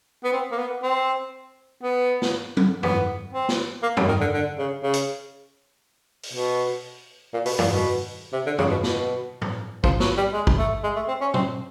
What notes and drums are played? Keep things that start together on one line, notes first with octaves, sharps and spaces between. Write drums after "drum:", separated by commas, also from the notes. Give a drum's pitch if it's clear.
B3
C4
A#3
B3
C4
B3
drum: snare
drum: tom F#3
B3, drum: tom F2
C4
drum: snare
A#3
drum: tom F2
D#3
D3
D3
C#3
C#3
drum: hi-hat
drum: open hi-hat
B2
A#2
B2, drum: open hi-hat
A#2, drum: tom F2
B2
C3
D3
C#3, drum: tom F2
B2
B2, drum: snare
drum: tom A2
F3, drum: kick
F#3, drum: snare
G3
G#3
drum: kick
A3
G#3
A3
C4
C#4
C4, drum: tom A#2